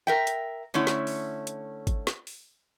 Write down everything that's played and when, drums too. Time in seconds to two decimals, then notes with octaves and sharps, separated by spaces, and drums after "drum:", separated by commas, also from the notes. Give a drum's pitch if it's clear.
0.07 A#4 E5 G5
0.27 drum: hi-hat
0.74 D3 A3 C#4 E4
0.87 drum: snare
1.07 drum: open hi-hat
1.47 drum: hi-hat
1.87 drum: kick, hi-hat
2.07 drum: snare
2.27 drum: open hi-hat